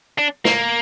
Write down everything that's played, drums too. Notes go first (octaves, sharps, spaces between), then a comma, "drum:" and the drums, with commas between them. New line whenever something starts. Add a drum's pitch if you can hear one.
D4
A#3, drum: snare